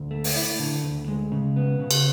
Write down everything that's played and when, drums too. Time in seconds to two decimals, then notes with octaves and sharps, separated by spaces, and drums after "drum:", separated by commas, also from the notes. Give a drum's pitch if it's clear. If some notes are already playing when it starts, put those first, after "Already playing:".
Already playing: D2
0.11 A3
0.24 drum: open hi-hat
0.36 E4
0.59 D3
0.84 D2
1.08 G#3
1.32 C#3
1.56 B3
1.79 C#3
1.91 drum: cymbal